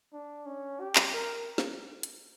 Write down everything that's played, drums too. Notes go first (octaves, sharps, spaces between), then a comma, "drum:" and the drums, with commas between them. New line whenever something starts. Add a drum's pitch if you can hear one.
D4
C#4
G4
drum: clap
A#4
drum: snare
drum: hi-hat